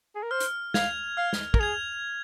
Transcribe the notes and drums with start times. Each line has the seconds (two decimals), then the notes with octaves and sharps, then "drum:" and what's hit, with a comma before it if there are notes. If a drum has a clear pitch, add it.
0.15 G#4
0.23 A#4
0.31 C5 F6
0.40 drum: hi-hat
0.74 F5 G#6 F7, drum: snare
1.17 F5 F6
1.33 drum: snare
1.54 A#4, drum: kick
1.60 G#4 G#6 F7